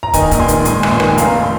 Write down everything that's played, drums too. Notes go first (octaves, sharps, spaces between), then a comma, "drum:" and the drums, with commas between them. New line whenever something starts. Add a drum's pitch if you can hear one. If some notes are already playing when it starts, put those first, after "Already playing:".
A#5
D#3 D#5 G#5, drum: kick, hi-hat
A#1, drum: kick, hi-hat
G#5 C6
D#3, drum: hi-hat
G#2 G#5 C6, drum: hi-hat
A#1, drum: rim click
G#5 C6
D#3, drum: rim click
G#5
F1 F5 A#5, drum: hi-hat
C6